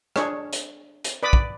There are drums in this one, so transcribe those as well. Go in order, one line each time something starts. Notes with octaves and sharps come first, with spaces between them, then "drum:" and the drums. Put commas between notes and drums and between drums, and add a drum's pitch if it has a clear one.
D4 G#4 C#5, drum: rim click
drum: hi-hat
drum: hi-hat
B4 D5 B5 D6 D#6
drum: kick